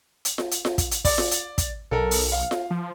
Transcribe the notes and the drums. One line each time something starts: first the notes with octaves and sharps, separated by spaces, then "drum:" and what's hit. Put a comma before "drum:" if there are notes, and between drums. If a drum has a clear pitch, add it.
drum: hi-hat
drum: snare F4
drum: hi-hat
drum: snare F4
drum: kick, hi-hat
drum: hi-hat
D5, drum: kick, open hi-hat
drum: snare F4
drum: hi-hat
drum: kick, hi-hat
B1 A4 A#4
drum: open hi-hat
F5
drum: snare F4
F3